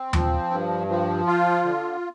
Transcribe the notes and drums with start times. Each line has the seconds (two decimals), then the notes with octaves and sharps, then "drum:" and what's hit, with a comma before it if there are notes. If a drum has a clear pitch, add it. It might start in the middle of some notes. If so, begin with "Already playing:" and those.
Already playing: C4
0.13 F3, drum: tom D#2
0.51 G2
0.89 F3
1.27 F4
1.64 D3